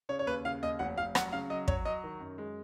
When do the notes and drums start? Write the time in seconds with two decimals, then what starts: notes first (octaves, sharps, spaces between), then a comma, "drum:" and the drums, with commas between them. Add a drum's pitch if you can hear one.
0.09 C#3 C#5
0.19 C#5
0.26 D#2 B4
0.45 C#3 F5
0.62 D#2 D#5
0.79 F1 F#5
0.97 F1 F5
1.15 F#3 F#5, drum: rim click
1.32 C#3 F5
1.50 F#3 D#5
1.68 F#3 C#5, drum: kick
1.85 F#3 D#5
2.04 D#3
2.20 F#2
2.38 G#3